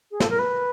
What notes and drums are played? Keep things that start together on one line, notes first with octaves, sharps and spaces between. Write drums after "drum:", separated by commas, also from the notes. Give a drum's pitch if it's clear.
G#4
A4, drum: snare
A#4
B4